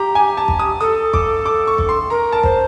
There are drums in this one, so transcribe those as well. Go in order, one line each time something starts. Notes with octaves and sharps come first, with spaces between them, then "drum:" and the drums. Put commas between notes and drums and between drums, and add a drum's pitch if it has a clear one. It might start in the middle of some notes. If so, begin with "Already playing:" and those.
Already playing: G4 A#5
G#5
A5
drum: kick
D#6
A4 D#6
D6, drum: kick
D6
C#6
drum: kick
C6
A#4 A#5
A5
C5, drum: kick